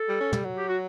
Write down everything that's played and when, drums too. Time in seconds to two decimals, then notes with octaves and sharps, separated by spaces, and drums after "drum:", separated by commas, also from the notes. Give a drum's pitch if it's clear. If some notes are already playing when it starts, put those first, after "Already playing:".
Already playing: A4
0.09 G3
0.21 C#4
0.33 G3, drum: tom
0.45 F#3
0.57 G4
0.68 F#4